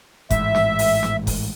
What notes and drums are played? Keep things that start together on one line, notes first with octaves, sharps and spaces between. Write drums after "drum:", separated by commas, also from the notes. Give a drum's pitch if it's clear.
A1 G#2 E5, drum: kick F#1, hi-hat
drum: snare
drum: open hi-hat
drum: snare
drum: kick F#1, open hi-hat